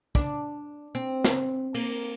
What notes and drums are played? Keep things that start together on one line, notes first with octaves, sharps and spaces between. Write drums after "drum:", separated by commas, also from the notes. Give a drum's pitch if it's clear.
D4, drum: kick
C4
drum: snare
A#3, drum: cymbal